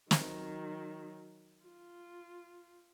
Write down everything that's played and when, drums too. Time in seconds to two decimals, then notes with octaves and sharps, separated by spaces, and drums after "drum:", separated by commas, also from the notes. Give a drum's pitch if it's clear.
0.11 D#3 F#3, drum: snare
1.66 F4